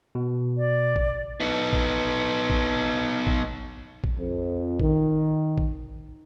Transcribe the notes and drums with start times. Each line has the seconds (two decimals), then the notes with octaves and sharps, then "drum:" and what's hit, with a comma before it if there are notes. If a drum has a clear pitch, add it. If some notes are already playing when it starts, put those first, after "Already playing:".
0.15 B2
0.57 D5
0.96 drum: kick A1
1.40 B3 D#4
1.73 drum: kick A1
2.50 drum: kick A1
3.27 drum: kick A1
4.04 drum: kick A1
4.18 F2
4.80 D#3, drum: kick A1
5.58 drum: kick A1